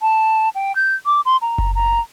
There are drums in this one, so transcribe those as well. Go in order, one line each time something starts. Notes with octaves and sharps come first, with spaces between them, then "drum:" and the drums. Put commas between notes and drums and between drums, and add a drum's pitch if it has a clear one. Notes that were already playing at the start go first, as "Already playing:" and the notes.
A5
G5
G6
D6
C6
A#5
drum: kick F#1
A#5